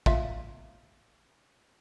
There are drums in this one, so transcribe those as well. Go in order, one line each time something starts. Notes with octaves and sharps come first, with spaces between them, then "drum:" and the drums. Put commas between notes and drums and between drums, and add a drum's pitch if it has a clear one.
F4 E5 F5, drum: kick A1